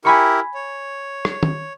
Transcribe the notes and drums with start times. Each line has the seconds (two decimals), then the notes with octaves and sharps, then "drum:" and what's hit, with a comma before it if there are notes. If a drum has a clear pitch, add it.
0.05 E4 G4 A#4 G#5 B5 C#6
0.54 C#5
1.25 drum: rim click
1.43 drum: tom